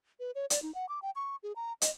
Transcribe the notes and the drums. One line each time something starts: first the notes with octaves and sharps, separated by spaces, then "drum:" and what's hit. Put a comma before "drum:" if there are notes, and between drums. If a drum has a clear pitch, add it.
B4
C#5
D5, drum: hi-hat
D#4
F#5
D6
G5
C#6
G#4
A#5
D#5, drum: hi-hat